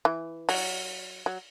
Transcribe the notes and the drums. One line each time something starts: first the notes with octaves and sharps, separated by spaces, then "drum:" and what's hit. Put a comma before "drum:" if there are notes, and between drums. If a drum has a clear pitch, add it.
E3
F#3, drum: open hi-hat
F#3